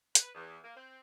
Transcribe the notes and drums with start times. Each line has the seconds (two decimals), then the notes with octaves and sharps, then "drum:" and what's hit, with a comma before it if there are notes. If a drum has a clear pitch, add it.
0.15 B4, drum: hi-hat
0.35 E2
0.64 A#3
0.76 C4